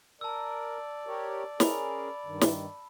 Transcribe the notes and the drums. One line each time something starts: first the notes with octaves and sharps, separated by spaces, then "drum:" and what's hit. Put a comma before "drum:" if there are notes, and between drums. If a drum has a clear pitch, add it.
A#4 D5 A5 E6
G4 A#4 C#5
C#4 G#4 A#4 B5, drum: snare
G2 D#3
drum: snare